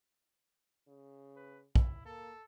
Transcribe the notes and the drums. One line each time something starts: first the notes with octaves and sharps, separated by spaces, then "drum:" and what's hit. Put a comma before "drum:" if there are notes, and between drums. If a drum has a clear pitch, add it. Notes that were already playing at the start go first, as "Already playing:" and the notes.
C#3
B4
E4, drum: kick
A#3 A4